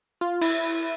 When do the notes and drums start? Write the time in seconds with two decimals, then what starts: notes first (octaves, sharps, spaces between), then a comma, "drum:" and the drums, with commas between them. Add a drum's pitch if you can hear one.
0.21 F4
0.41 E4, drum: cymbal